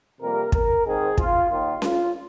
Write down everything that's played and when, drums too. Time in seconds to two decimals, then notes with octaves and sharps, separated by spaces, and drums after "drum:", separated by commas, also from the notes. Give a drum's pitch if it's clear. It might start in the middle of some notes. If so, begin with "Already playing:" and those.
0.20 F2 C3 G3 A#3 A#4
0.52 A#4, drum: kick
0.84 G#2 D#3 G#3 C4 G#4
1.18 F4, drum: kick
1.50 D#2 D#3 A#3 F4
1.82 F4, drum: snare C#4